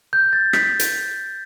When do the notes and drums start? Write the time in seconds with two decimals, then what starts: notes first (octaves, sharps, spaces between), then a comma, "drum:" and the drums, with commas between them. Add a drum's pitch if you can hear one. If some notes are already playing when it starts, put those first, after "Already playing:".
0.13 G6
0.33 A6
0.53 B6, drum: rim click
0.79 drum: hi-hat